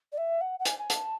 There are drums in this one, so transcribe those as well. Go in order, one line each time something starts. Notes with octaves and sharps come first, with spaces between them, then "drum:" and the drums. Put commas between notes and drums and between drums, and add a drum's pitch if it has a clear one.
D5
E5
F#5
F#5
G#5, drum: hi-hat
G#5
A5, drum: hi-hat